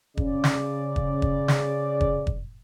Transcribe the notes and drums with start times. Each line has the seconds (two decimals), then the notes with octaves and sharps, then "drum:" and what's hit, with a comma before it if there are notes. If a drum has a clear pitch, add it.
0.17 C#3 D5, drum: kick
0.44 drum: snare
0.96 drum: kick
1.22 drum: kick
1.48 drum: snare
2.01 drum: kick
2.27 drum: kick